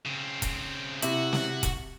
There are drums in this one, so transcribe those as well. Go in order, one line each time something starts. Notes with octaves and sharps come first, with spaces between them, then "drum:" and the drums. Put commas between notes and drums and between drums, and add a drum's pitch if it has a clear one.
C#3 C4
drum: kick E1, hi-hat
C3 E4 F#4, drum: hi-hat
drum: snare
drum: kick E1, hi-hat